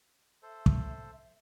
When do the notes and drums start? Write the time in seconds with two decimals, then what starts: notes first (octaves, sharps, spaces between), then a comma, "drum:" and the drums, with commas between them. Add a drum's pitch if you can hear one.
0.42 A4 C5 E5
0.66 drum: kick